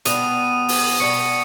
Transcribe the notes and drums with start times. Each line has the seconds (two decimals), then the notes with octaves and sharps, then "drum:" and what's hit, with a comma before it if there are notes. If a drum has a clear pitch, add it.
0.05 B2 G3 B3 D#6 D#7, drum: hi-hat
0.68 drum: open hi-hat
1.00 B2 G3 B3 C#6 C#7